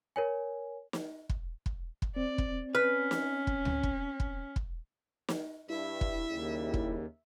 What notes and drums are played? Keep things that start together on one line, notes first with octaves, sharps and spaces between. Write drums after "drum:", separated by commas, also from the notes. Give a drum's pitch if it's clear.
A#4 C#5 G#5
drum: snare
drum: kick
drum: kick
drum: kick
C4 D5
drum: kick
C#4 B4 F6 B6
drum: snare
drum: kick
drum: tom C#2
drum: kick
drum: kick
drum: kick
drum: snare
G2 E4 E5
drum: kick
D#2 C#3 G3
drum: kick